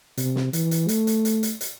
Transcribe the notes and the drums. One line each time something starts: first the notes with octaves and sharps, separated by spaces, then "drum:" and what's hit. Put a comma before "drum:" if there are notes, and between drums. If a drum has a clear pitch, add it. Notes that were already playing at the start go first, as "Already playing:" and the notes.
C3, drum: hi-hat
drum: snare
E3, drum: hi-hat
drum: hi-hat
A3, drum: hi-hat
drum: hi-hat
drum: hi-hat
drum: hi-hat
drum: hi-hat